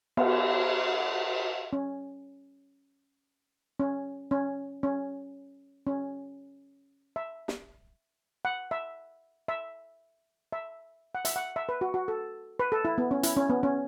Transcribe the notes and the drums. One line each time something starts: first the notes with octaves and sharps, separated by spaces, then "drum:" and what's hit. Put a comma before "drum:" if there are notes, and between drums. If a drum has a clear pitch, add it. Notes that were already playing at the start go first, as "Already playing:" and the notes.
B3, drum: cymbal
C#4
C#4
C#4
C#4
C#4
E5
drum: snare
F#5
E5
E5
E5
F#5
E5, drum: hi-hat
F#5
E5
B4
F#4
F#4
A4
B4
A4
E4
B3
C#4
E4, drum: hi-hat
C#4
B3
C#4